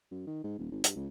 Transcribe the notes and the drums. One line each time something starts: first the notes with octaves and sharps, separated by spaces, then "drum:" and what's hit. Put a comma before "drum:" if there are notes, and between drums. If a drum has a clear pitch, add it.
F#2
D#3
G#2
D#1
G#1
G2, drum: hi-hat
C#2